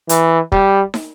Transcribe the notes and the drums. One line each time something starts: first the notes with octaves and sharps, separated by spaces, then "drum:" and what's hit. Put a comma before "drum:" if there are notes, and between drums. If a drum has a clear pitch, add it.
E3, drum: hi-hat
G3, drum: kick
drum: snare